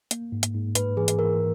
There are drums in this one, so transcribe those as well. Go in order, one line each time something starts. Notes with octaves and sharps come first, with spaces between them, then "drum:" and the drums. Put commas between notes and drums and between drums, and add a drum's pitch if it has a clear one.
A#3, drum: hi-hat
G#2
drum: hi-hat
G#2
G#2 B4, drum: hi-hat
E3 G#4
drum: hi-hat
E3 A#4